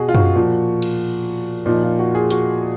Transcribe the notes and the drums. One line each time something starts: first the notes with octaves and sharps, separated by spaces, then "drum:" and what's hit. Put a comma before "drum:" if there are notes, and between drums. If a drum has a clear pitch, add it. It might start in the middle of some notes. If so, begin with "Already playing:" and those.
Already playing: B2 F#4 G#4
F4
F#4, drum: tom F#2
A#2 F3
drum: cymbal
A#2 F3 D#4
F4
F#4
G#4
F#4, drum: hi-hat